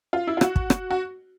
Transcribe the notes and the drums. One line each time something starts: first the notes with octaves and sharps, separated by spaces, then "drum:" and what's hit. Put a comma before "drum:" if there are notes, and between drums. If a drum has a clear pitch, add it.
F4
E4
F4
F#4, drum: rim click
drum: kick
drum: rim click
F#4